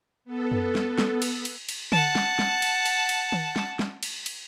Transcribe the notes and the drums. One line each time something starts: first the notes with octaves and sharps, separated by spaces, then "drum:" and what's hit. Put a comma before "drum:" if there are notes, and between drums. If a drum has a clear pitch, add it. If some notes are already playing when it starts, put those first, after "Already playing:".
B3 A4
drum: tom F#2
drum: snare
drum: snare
drum: cymbal
drum: cymbal
drum: cymbal
F#5 A5, drum: tom D3
drum: snare
drum: snare
drum: cymbal
drum: cymbal
drum: cymbal
drum: tom D#3
drum: snare
drum: snare
drum: cymbal
drum: cymbal